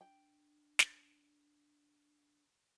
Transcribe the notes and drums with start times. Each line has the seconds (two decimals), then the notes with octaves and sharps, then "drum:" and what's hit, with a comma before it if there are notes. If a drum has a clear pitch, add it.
0.01 D4 G5
0.79 drum: snare